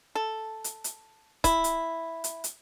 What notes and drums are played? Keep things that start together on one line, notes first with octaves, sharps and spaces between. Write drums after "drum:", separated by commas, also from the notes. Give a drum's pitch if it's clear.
A4
drum: hi-hat
drum: hi-hat
E4, drum: kick, hi-hat
drum: hi-hat
drum: hi-hat
drum: hi-hat